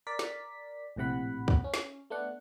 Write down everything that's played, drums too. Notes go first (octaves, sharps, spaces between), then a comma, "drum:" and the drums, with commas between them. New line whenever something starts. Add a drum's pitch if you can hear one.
A#4 D5 B6
drum: snare
A#1 A2 C3 F#5 B5
drum: kick
C#4
drum: snare
A3 B3 D4 F#5